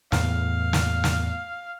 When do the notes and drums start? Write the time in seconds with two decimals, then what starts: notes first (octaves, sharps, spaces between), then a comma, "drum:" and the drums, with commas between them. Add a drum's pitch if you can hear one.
0.12 E2 A2 B3 F5, drum: snare
0.73 drum: snare
1.04 drum: snare